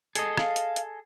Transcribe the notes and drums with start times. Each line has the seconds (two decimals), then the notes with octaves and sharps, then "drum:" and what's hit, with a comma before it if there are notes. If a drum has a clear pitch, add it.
0.15 G#4 A4 D#5, drum: hi-hat
0.37 F5, drum: rim click
0.56 drum: hi-hat
0.76 drum: hi-hat